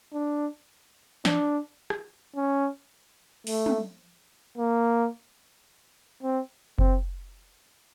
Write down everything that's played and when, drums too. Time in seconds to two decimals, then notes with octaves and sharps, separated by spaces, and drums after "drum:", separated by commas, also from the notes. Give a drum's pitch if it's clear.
0.13 D4
1.25 D4, drum: snare
1.90 drum: rim click
2.36 C#4
3.47 A3, drum: open hi-hat
3.66 drum: tom
4.58 A#3
6.23 C4
6.79 C4, drum: kick F#1